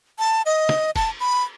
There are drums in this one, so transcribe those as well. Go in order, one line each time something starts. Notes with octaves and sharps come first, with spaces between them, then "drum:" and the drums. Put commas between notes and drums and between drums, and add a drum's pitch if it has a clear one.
A5
D#5
drum: snare
A5, drum: kick E1, cymbal
B5